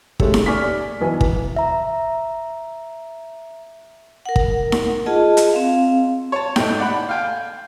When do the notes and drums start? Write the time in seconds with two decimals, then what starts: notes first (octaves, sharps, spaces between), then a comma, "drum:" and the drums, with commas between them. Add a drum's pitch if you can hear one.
0.20 G#3 A3 C#4 G4 A4, drum: kick
0.34 drum: snare D#4
0.46 D5 G#5 C#6 D6 F6 B6
1.00 B1 E3 G#5
1.21 drum: kick
1.56 E5 A#5
4.26 A#4 F#5
4.36 drum: kick
4.72 drum: snare D#4
5.06 F4 G#4 D#5 A5
5.37 drum: hi-hat
5.53 C4 F5
6.32 C#5 A5
6.56 G#1 A2 A3 G5, drum: snare D#4
6.79 D5 F#5 B5
7.09 F5 G5 G#5